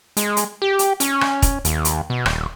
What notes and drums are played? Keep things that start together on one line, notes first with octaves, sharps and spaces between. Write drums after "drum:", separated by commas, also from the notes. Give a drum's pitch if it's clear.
G#3, drum: hi-hat
drum: hi-hat
G4
drum: hi-hat
C#4, drum: hi-hat
drum: rim click
drum: kick, hi-hat
D#2, drum: hi-hat
drum: hi-hat
B2
D#1, drum: rim click